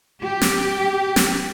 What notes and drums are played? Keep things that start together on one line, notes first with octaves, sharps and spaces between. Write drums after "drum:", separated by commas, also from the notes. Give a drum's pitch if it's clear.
G4
drum: snare
drum: snare